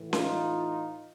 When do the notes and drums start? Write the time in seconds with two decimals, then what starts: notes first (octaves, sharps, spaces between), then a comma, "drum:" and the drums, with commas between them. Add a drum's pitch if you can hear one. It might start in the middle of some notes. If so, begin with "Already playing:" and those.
Already playing: A2 E3
0.13 D#4 F4, drum: snare C#4